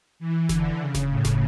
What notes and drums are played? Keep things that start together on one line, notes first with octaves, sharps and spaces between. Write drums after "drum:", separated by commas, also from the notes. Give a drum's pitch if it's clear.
E3
D3, drum: snare F#1
C#3
drum: snare F#1
A2
drum: snare F#1